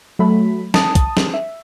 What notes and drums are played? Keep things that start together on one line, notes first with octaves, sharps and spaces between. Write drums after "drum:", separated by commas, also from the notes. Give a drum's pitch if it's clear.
F#3 A3 B5
A5 D#6, drum: snare
drum: kick, hi-hat
drum: snare
E5